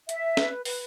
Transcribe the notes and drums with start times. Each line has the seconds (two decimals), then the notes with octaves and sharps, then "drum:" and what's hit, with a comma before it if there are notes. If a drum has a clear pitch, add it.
0.09 E5, drum: hi-hat
0.37 B4, drum: snare
0.65 B4, drum: open hi-hat